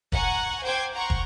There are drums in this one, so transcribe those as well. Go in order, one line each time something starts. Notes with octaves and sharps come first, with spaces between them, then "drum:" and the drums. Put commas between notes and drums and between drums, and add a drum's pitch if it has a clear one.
F#5 G#5 A#5 C#6, drum: kick
C5 G5 D6 G#6 C7
F#5 A#5 C6 C#6
drum: kick